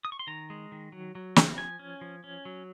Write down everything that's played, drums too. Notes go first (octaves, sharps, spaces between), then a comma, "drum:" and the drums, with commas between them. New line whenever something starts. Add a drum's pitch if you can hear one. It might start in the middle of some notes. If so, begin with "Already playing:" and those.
D#6
C#6
C6
D#3 A#5
G#3
D#3
F#3
F#3
C4, drum: snare
F3 G#5
C#4
F3
C#4
F#3